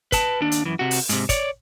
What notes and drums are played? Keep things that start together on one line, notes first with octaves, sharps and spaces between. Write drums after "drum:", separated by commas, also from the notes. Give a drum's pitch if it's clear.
B4 A5, drum: kick, hi-hat
D#2 D4
drum: hi-hat
F#2 E3
C3 F#4
drum: open hi-hat
G#2 C3, drum: hi-hat
C#5 D5, drum: kick, hi-hat